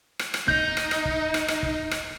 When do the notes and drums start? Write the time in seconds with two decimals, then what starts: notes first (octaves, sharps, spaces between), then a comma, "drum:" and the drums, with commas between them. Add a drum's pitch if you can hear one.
0.19 drum: rim click
0.34 drum: rim click
0.48 D#4 G6, drum: kick
0.77 drum: rim click
0.91 drum: rim click
1.05 drum: kick
1.34 drum: rim click
1.48 drum: rim click
1.63 drum: kick
1.91 drum: rim click